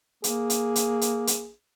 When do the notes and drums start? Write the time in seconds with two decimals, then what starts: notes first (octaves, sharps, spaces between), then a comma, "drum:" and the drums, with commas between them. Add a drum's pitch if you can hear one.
0.24 A#3 G#4, drum: hi-hat
0.50 drum: hi-hat
0.76 drum: hi-hat
1.01 drum: hi-hat
1.27 drum: hi-hat